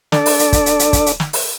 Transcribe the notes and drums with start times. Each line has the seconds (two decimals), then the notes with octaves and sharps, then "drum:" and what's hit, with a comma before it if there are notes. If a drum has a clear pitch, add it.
0.12 D4 A4 D5, drum: snare
0.26 drum: open hi-hat
0.39 drum: hi-hat
0.53 drum: kick, hi-hat
0.66 drum: hi-hat
0.79 drum: hi-hat
0.93 drum: kick, hi-hat
1.06 drum: hi-hat
1.20 drum: snare
1.33 drum: open hi-hat